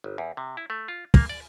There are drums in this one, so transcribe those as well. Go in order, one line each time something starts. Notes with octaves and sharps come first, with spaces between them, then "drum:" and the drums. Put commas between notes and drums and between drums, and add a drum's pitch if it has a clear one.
G1
E2
C3
E4
A3
F4
A#3, drum: kick
D5